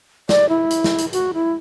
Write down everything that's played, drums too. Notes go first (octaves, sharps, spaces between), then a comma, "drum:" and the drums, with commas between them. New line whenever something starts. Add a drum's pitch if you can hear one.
D5, drum: snare
E4
drum: hi-hat
drum: snare
drum: hi-hat
F#4, drum: hi-hat
E4